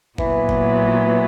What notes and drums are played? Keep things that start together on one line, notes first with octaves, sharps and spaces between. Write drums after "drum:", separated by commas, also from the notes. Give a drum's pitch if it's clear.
A#2 E3 F#3 B3, drum: kick
drum: kick